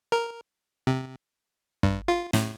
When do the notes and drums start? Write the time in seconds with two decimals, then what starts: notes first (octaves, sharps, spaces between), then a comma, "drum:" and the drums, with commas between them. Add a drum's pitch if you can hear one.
0.12 A#4
0.87 C3
1.83 G2, drum: kick
2.08 F4
2.33 A2, drum: snare